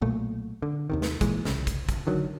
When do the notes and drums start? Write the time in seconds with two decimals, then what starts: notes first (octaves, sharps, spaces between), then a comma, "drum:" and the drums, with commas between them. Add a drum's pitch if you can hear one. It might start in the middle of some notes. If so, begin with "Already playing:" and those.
0.01 B1 A#2 A3
0.62 D3
0.90 D#2 C3 D#3
1.02 drum: snare
1.21 A#2 E3 G#3, drum: kick, hi-hat
1.45 C2 C#3, drum: snare
1.67 drum: kick, hi-hat
1.89 drum: kick, hi-hat
2.07 D3 D#3 F#3